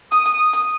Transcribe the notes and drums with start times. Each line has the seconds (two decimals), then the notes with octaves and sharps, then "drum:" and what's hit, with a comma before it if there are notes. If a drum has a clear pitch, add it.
0.12 D#6, drum: hi-hat
0.25 drum: hi-hat
0.53 drum: hi-hat